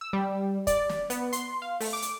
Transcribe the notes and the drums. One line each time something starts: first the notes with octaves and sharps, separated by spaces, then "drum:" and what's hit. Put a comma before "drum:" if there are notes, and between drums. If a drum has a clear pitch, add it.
E6
G3
D5, drum: kick, hi-hat
drum: snare
B3, drum: hi-hat
C6, drum: hi-hat
F5
A3, drum: open hi-hat
D6
drum: hi-hat